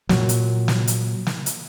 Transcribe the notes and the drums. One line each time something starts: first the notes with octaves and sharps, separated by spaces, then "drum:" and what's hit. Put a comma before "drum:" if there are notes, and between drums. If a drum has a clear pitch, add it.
A#2 F#3, drum: snare
drum: hi-hat
drum: snare
drum: hi-hat
drum: snare
drum: hi-hat